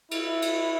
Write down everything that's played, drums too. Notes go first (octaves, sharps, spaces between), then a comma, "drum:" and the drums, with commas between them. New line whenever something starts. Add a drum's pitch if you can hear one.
E4, drum: cymbal
drum: cymbal